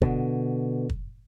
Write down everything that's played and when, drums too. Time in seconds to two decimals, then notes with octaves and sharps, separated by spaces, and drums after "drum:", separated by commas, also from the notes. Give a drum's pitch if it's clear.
0.02 B2 D3, drum: kick
0.89 drum: kick